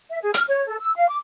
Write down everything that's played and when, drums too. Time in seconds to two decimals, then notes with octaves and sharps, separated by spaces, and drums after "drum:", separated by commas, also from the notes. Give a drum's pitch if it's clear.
0.09 E5
0.21 G#4
0.34 F6, drum: hi-hat
0.48 C#5
0.68 A4
0.80 E6
0.95 F5
1.08 D6